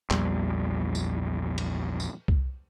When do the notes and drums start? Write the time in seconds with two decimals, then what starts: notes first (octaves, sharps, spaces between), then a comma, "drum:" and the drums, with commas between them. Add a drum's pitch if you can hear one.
0.11 A#1 E2 G3, drum: clap
0.95 drum: tambourine
1.58 drum: cymbal
2.00 drum: tambourine
2.28 drum: kick C2